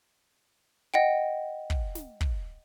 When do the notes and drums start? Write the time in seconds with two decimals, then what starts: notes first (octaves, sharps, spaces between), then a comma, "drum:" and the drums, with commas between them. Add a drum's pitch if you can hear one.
0.94 D#5 F#5 G5
1.70 drum: kick
1.95 drum: snare
2.21 drum: kick